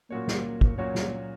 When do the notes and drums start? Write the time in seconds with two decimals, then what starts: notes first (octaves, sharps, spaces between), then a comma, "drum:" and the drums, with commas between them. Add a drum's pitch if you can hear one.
0.10 A#2 F#3 A#3 C#4 F#4 C#5
0.28 drum: snare
0.61 drum: kick
0.78 A#2 F#3 A#3 C#4 F#4 C#5
0.95 drum: snare